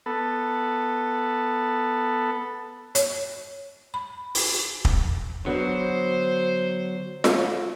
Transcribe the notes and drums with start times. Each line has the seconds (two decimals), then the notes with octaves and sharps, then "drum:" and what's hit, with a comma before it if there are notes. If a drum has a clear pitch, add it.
0.06 B3 A4
2.95 C#5, drum: hi-hat
3.94 B5
4.35 drum: open hi-hat
4.85 drum: kick
5.46 D3 F#3 B3 F#4 C5
7.24 drum: snare F4